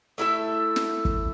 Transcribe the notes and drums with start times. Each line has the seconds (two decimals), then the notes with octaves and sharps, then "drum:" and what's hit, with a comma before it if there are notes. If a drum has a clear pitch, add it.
0.18 A3 E4 A4 E5
0.76 drum: snare
1.05 drum: kick